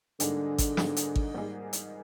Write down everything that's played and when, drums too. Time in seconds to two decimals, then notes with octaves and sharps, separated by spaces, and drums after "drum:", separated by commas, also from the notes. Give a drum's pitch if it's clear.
0.20 G#2 D3 G3 A#3 D#4 G#4, drum: hi-hat
0.58 drum: kick G#1, hi-hat
0.77 G#2 G3 A#3 D#4 G#4, drum: snare
0.96 drum: hi-hat
1.16 drum: kick G#1
1.34 G#2 G3 A#3 D#4 G#4
1.73 drum: hi-hat